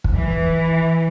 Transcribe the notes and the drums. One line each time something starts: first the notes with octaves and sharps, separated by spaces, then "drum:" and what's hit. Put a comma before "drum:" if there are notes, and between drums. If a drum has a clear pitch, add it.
drum: kick
E3